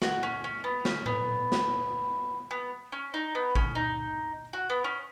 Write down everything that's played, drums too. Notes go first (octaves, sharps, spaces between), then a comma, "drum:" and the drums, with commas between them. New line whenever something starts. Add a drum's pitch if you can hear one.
F#4, drum: snare
C#4
C#4
B3
C#4, drum: snare
B3, drum: tom A2
drum: snare
B3
C#4
D#4
B3
C#4, drum: kick
D#4
F#4
B3
C#4